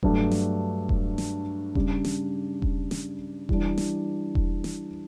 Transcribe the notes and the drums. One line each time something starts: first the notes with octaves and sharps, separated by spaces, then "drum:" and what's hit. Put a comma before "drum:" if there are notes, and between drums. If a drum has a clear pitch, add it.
G2 F#3 A3 D4, drum: kick E1
drum: snare
drum: kick E1
drum: snare
C#3 G3 D4, drum: kick E1
drum: snare
drum: kick E1
drum: snare
E3 G3 D4, drum: kick E1
drum: snare
drum: kick E1
drum: snare